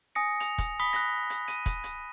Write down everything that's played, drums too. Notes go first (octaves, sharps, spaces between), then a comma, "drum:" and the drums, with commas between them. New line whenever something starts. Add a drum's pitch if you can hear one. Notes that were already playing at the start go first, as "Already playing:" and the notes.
G#5 D#6 A#6 C#7
F7, drum: hi-hat
drum: kick, hi-hat
B5 D#6 B6 G7
F#6 A#6, drum: hi-hat
drum: hi-hat
D#7, drum: hi-hat
drum: kick, hi-hat
drum: hi-hat